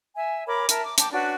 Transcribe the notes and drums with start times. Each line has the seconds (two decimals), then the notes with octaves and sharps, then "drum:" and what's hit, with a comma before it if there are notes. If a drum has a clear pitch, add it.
0.16 E5 G#5
0.46 A#4 C#5 B5 D6
0.69 A#4 E5 A5, drum: hi-hat
0.83 D6
0.98 G5 A5 D6, drum: hi-hat
1.12 C#4 D4 F#4 B4